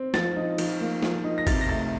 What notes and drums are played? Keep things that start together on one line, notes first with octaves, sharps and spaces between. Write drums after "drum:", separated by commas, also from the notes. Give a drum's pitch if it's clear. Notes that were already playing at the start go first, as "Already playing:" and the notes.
Already playing: C4
F3 A6, drum: snare
D#4
F3, drum: cymbal
A#3
F3, drum: snare
D#4
A#6
C3 A6, drum: kick G#1, cymbal
A#6
A3 A6